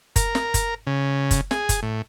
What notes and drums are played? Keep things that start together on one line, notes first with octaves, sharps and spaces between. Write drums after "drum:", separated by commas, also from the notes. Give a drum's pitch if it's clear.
A#4, drum: kick, hi-hat
drum: snare
drum: kick, hi-hat
C#3
drum: kick, hi-hat
G#4, drum: snare
drum: kick, hi-hat
A2